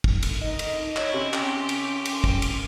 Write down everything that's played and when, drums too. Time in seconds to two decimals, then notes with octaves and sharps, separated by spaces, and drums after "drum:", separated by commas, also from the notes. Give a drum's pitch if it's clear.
0.04 drum: kick
0.23 drum: cymbal
0.41 D#4 D#5
0.59 drum: cymbal
0.96 E4 C#5, drum: clap
1.14 C3 C#4
1.33 G4 C6, drum: clap
1.69 drum: cymbal
2.05 drum: cymbal
2.24 drum: kick
2.42 drum: cymbal